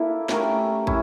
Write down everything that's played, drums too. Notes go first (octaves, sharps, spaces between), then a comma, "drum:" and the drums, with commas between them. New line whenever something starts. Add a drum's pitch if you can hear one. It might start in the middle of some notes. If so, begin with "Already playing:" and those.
Already playing: A#3 E4 A4 D5
A3 C#4 G4 A#4, drum: snare
C#4 E4, drum: kick